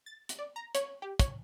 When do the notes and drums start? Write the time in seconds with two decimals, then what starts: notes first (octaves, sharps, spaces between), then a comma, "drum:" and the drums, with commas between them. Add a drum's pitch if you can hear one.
0.06 A6
0.29 drum: hi-hat
0.39 D5
0.56 A#5
0.75 C#5, drum: hi-hat
1.02 G4
1.19 C#5, drum: kick, hi-hat